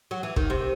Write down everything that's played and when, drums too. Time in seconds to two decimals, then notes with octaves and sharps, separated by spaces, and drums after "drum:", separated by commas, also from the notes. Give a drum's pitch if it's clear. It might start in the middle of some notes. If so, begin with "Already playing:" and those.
0.11 F#3
0.23 E3
0.36 D#3, drum: kick
0.50 C3